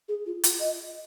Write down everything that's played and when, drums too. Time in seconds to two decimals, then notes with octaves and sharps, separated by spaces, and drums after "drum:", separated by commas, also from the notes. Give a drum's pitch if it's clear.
0.08 G#4
0.26 F4
0.44 F4, drum: hi-hat
0.60 D#5